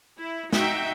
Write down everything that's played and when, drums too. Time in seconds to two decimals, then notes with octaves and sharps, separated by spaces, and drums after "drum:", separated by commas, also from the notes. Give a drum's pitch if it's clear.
0.19 E4
0.53 D#4 F#4 E5 G5, drum: snare